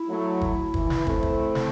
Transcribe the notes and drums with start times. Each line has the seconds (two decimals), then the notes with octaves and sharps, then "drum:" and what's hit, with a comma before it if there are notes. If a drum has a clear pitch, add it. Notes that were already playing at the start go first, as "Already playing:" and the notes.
Already playing: E4
0.09 F#3 A3
0.41 drum: kick
0.74 E3, drum: kick
0.90 drum: snare
1.07 A3 C4, drum: kick
1.23 drum: kick
1.55 drum: snare